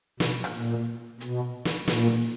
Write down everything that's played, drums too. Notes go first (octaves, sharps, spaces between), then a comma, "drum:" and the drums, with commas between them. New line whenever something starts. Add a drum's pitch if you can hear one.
B2, drum: snare
drum: rim click
A#2
B2, drum: hi-hat
drum: snare
A#2, drum: snare